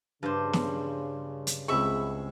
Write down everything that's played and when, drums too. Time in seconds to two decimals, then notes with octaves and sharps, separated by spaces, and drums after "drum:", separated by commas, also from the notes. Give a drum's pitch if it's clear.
0.23 G2 C#3 C5
0.53 drum: snare
1.47 drum: hi-hat
1.68 C#2 C4 G#4 E5 B5 C#6